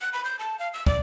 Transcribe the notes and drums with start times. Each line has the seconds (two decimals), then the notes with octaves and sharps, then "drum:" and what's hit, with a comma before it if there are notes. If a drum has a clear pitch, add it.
0.01 F#6
0.13 B5
0.25 G6
0.39 A5
0.59 F5
0.74 E6
0.86 D5, drum: kick